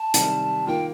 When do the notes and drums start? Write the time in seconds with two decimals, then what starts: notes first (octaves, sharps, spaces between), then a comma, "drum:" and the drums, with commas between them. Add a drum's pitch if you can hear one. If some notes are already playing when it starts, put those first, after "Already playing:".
Already playing: A5
0.14 C3 D#3 G3, drum: hi-hat
0.67 D#3 A#3 F4 G5